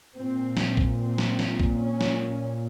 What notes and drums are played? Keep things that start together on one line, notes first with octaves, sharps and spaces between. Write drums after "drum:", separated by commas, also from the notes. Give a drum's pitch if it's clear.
A#2 C4
drum: snare
drum: kick A#1
C4
drum: snare
drum: snare
drum: kick A#1
C#4
drum: snare